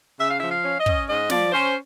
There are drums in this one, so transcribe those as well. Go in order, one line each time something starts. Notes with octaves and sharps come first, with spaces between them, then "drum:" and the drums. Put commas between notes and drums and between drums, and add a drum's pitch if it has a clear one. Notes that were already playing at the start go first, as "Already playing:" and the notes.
C#3 E5
F5
F3 E5
F5
C#4
D#5
C#4, drum: kick
G#2 D#5
F3 D5, drum: snare
C#4 C5